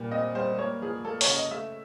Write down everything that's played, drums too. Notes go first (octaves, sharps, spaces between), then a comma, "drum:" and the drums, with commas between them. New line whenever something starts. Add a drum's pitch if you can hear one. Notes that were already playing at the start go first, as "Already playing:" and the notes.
Already playing: A#2 G3
C4 D#5
G3 C5
A#3 C#5
F3 G#4
A#3 A4
C#5, drum: open hi-hat
C#3
D#5
A3 E5